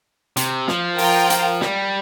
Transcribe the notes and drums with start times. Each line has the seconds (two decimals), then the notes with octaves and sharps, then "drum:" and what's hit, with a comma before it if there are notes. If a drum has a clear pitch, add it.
0.37 C3, drum: hi-hat
0.68 F3, drum: snare
0.98 F4 A#4 G5, drum: open hi-hat
1.30 drum: hi-hat
1.61 G3, drum: snare